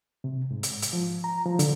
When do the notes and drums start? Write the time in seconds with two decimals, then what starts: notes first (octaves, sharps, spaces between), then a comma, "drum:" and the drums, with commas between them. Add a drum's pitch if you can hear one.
0.24 C3
0.51 G#2
0.63 drum: hi-hat
0.82 drum: hi-hat
0.93 F3
1.24 A#5
1.45 F3
1.59 D3, drum: hi-hat